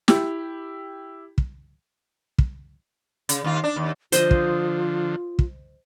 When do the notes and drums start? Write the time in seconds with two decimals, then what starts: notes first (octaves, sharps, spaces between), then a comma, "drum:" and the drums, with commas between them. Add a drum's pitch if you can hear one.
0.08 E4 G4, drum: snare
1.38 drum: kick
2.38 drum: kick
3.29 C#3, drum: hi-hat
3.44 D#2 F4
3.64 D4
3.76 D#2
4.12 D3 F3 F4 C5 D#5, drum: hi-hat
4.31 drum: kick
5.39 drum: kick